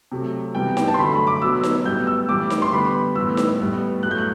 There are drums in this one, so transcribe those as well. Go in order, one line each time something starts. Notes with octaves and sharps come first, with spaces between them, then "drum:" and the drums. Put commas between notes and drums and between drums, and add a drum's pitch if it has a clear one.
C3 F#3 A3
C3 E3 G3 B3 G5
G5, drum: snare D#4
A5
C6
D3 F#3 A3 B5
B5
D6
B2 F#3 B3 E6
drum: snare D#4
A2 G3 B3 G6
E6
A2 E3 G3 D6
drum: snare D#4
C6
D3 G3 B3 B5
A2 E3 G3 B3 E6
drum: snare D#4
A2 G3 B3
A2 F#3 A3 F#6
G6
F#6